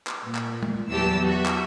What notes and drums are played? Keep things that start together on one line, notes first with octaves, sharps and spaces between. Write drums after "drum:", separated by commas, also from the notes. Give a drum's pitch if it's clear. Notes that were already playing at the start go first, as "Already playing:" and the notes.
drum: clap
A#2
drum: clap
drum: tom
E2 F#3 G4 A5 E6
F#4 E5
drum: clap